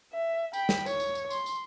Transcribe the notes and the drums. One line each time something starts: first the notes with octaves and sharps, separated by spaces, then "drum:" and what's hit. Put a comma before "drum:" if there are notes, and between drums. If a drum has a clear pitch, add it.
E5
G5 B5, drum: tambourine
drum: snare
C#5, drum: tambourine
drum: tambourine
drum: tambourine
C6, drum: tambourine
drum: tambourine